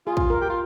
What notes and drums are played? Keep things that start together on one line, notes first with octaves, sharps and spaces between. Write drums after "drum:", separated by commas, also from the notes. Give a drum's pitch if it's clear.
F4 G#4
drum: kick
A#4
G4
F4